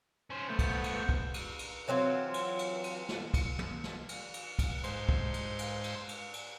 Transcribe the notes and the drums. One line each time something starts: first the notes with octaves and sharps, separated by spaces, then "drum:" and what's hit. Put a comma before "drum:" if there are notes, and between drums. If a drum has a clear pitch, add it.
C#4 C5
A3 B3 C5 F#5
drum: kick, cymbal
drum: cymbal
drum: kick
drum: cymbal
drum: cymbal
E3 F#3 C4 F4
drum: cymbal
drum: cymbal
drum: cymbal
drum: snare
drum: kick, cymbal
drum: tom
drum: snare
drum: cymbal
drum: cymbal
drum: kick, cymbal
G#2 C5, drum: cymbal
drum: kick
drum: cymbal
drum: cymbal
drum: cymbal
drum: cymbal
drum: cymbal